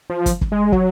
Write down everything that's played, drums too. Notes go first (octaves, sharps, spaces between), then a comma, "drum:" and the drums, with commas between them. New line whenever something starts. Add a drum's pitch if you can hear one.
F3
drum: kick, hi-hat
drum: kick
G#3
F#3, drum: kick